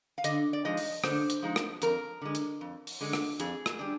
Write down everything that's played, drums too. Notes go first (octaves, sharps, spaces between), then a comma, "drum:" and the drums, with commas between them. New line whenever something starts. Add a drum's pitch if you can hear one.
F5
D3 D#5, drum: hi-hat
D5
F3 G#3 D#4 D#5
drum: open hi-hat
D3 C5, drum: rim click
drum: hi-hat
F3 G#3 D#4
drum: rim click
F2 A#4, drum: hi-hat
D3 G#3
drum: hi-hat
F2
drum: open hi-hat
D3 G#3
drum: rim click
F2 G#4, drum: hi-hat
drum: rim click
G3 D4